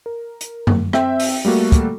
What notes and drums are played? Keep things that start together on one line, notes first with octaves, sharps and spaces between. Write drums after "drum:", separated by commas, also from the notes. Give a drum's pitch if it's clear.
A#4
drum: hi-hat
drum: tom F#2
C4 E5 G5, drum: rim click
drum: open hi-hat
G3 A3 A#3 F#4 A4
drum: kick, hi-hat